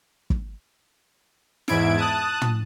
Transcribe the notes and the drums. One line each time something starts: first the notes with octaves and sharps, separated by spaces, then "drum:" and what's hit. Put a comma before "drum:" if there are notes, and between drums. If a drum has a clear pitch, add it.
drum: kick
E2 G#2 E4 G#6 D7, drum: snare
A5 D#6 F#6
drum: tom